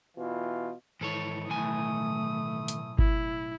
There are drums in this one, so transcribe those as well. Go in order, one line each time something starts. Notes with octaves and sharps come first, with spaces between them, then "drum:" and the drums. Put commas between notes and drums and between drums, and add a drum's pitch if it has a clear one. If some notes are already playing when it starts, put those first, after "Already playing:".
B2 E3 F4
G#2 D#3 E3 A4 C#5
B1 A2 A3 G#5 D#6
drum: hi-hat
E4, drum: kick G1